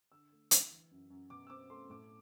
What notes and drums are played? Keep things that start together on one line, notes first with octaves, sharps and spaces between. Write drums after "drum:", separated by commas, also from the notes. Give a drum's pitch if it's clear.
D3 E6
A3
D3, drum: hi-hat
E3
F#2
F#2
B2 D6
E6
C4 D6
A3 C6
A2 D6